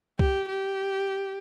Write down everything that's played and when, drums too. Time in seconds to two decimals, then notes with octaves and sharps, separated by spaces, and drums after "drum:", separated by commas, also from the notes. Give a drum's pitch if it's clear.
0.19 G4, drum: kick C2
0.48 G4